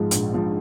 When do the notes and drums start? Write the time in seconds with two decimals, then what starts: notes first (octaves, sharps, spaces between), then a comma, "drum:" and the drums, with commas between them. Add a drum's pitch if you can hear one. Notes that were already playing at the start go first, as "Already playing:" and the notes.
Already playing: G#2 F3 G#3
0.11 A#1, drum: hi-hat
0.33 F3 G#3